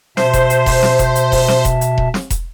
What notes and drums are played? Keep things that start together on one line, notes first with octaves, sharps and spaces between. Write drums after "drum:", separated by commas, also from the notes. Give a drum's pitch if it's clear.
B2 C5 E5 A5, drum: snare
drum: kick E1, hi-hat
drum: hi-hat
drum: kick E1, open hi-hat
drum: snare
drum: kick E1, hi-hat
drum: hi-hat
drum: kick E1, open hi-hat
drum: snare
drum: kick E1, hi-hat
drum: hi-hat
drum: kick E1
drum: snare
drum: kick E1, hi-hat